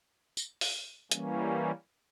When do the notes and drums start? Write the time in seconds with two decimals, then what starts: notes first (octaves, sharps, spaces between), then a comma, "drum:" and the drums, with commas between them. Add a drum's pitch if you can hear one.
0.37 drum: tambourine
0.61 drum: open hi-hat
1.11 E3 G3 A#3 C#4, drum: hi-hat